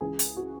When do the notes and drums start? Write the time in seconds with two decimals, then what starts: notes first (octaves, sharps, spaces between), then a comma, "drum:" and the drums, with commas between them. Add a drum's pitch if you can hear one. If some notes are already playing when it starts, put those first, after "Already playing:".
0.01 C#2 C#3 E3 G#4
0.19 drum: hi-hat
0.36 F#4